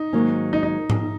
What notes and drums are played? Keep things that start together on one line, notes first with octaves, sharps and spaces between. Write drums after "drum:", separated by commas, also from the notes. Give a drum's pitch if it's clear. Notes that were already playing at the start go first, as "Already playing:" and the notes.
Already playing: D#4
G#2 D#3 F#3 A#3 C#4
D#4
D#4
drum: tom G#2